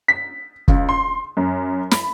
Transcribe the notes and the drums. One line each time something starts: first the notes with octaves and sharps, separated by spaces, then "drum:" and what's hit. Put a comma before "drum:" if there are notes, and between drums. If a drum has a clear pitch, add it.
B6
C#2, drum: kick
C6
F#2
B5, drum: snare